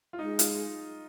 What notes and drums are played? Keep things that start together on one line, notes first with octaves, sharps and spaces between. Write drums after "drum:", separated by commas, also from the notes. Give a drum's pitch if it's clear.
F4
G#3 D#4
F4, drum: hi-hat